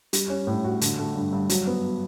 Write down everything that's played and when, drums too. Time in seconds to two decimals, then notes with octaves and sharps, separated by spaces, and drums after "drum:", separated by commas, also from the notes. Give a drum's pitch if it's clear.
0.13 G3, drum: hi-hat
0.30 C#4
0.47 A2
0.64 F#4
0.81 D3, drum: hi-hat
0.99 A3
1.16 G2
1.33 G2
1.49 F#3, drum: hi-hat
1.67 B3